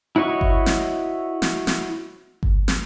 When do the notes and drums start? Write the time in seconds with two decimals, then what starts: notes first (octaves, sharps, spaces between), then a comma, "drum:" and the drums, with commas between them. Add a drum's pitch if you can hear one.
0.16 E4 F#4 C#5 D#5 C#6
0.41 drum: kick G1
0.66 drum: snare
1.42 drum: snare
1.67 drum: snare
2.43 drum: kick G1
2.68 drum: snare